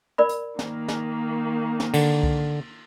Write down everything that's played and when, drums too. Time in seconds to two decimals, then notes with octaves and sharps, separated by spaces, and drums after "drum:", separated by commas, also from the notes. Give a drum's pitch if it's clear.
0.18 A#4 D5 B5
0.29 drum: hi-hat
0.59 D#3 A#3, drum: snare
0.88 drum: snare
1.80 drum: snare
1.94 D3, drum: cymbal
2.23 drum: kick C2